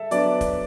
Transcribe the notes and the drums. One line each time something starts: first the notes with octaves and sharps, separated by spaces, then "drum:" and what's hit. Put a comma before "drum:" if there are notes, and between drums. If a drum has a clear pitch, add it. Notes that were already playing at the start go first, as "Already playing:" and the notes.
Already playing: A4 E5
F#3 B3 D4 D5, drum: hi-hat
drum: kick, hi-hat